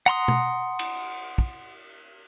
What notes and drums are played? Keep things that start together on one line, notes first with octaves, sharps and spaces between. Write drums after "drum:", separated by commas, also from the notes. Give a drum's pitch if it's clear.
F#5 A#5 C6 D#6
drum: tom B2
drum: cymbal
drum: kick